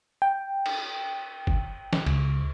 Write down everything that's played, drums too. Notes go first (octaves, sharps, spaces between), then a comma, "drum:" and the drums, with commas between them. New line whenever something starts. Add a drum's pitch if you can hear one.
G5
drum: cymbal
drum: kick G1
drum: snare
C#2, drum: cymbal